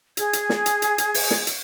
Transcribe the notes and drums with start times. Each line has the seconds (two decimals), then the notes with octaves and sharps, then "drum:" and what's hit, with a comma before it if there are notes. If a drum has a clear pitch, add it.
0.17 G#4 G#6, drum: hi-hat
0.33 drum: hi-hat
0.49 drum: snare
0.66 drum: hi-hat
0.82 drum: hi-hat
0.98 drum: hi-hat
1.14 drum: open hi-hat
1.31 drum: snare
1.47 drum: hi-hat